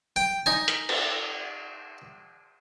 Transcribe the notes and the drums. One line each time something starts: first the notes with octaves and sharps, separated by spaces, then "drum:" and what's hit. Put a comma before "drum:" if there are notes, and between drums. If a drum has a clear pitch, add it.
G5
D#4 G#5
drum: hi-hat
drum: cymbal